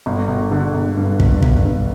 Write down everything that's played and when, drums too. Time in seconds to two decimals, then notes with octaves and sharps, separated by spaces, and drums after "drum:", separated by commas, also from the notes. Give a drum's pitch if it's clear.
0.06 G1
0.28 G1
0.51 D3
0.74 G1
0.97 G2
1.20 G1, drum: kick
1.42 G1, drum: kick
1.65 G2